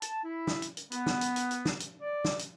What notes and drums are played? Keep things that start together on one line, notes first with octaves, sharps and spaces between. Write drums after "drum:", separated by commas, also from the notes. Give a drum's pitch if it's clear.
A5, drum: hi-hat
E4
drum: snare
drum: hi-hat
drum: hi-hat
B3, drum: hi-hat
drum: snare
drum: hi-hat
drum: hi-hat
drum: hi-hat
drum: snare
drum: hi-hat
D5
drum: snare
drum: hi-hat